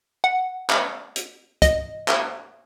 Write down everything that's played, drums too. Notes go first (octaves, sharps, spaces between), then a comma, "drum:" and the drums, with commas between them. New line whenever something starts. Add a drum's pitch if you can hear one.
F#5
drum: clap
drum: hi-hat
D#5, drum: kick, hi-hat
drum: clap